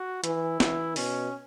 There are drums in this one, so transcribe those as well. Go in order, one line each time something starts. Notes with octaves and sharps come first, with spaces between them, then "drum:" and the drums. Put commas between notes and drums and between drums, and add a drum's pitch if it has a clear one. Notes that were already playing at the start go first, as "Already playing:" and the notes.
Already playing: F#4
E3 E4, drum: hi-hat
E3, drum: snare
B2 C#4, drum: open hi-hat